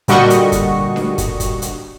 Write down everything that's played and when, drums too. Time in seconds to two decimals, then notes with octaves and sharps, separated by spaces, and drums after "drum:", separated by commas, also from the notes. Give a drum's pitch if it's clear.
0.08 A#2 D3 G3 F#4 D#5 C#6, drum: hi-hat
0.30 drum: hi-hat
0.52 drum: kick, hi-hat
0.96 drum: snare D4
1.18 drum: kick, hi-hat
1.40 drum: kick, hi-hat
1.62 drum: hi-hat